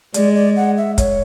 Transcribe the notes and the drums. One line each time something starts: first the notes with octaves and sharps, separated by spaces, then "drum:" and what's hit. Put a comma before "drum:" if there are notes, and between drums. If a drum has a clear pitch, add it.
G#3 D5, drum: hi-hat
D5
F#5
E5
C#5, drum: kick, hi-hat